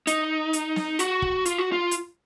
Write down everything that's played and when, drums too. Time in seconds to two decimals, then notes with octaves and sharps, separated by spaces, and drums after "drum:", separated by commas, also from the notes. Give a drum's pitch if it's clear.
0.07 D#4, drum: hi-hat
0.53 drum: hi-hat
0.76 drum: snare
0.99 F#4, drum: hi-hat
1.22 drum: kick
1.45 F4, drum: hi-hat
1.58 F#4
1.72 F4
1.91 drum: hi-hat